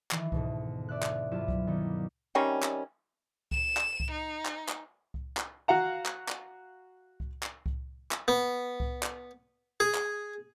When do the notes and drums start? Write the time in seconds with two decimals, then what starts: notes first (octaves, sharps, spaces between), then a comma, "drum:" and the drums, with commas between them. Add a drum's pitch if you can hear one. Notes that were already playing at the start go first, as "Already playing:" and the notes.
0.11 D#3 E3, drum: clap
0.32 D2 G#2 B2, drum: kick C2
0.89 D5 E5 F#6
1.03 drum: clap
1.31 G2 F#3 E4 F4 G4 E7
1.48 drum: kick C2
1.67 D#2 D#3 B3 D#4
2.35 C3 D#3 G3 C#4
2.63 drum: clap
3.51 E7, drum: kick C2
3.77 drum: clap
4.00 drum: kick C2
4.11 D#4
4.46 drum: clap
4.68 drum: clap
5.14 drum: kick C2
5.37 drum: clap
5.68 F#4 F5 F#5 A#5
6.06 drum: clap
6.28 drum: clap
7.20 drum: kick C2
7.43 drum: clap
7.66 drum: kick C2
8.11 drum: clap
8.28 B3
8.80 drum: kick C2
9.03 drum: clap
9.80 G#4
9.94 drum: clap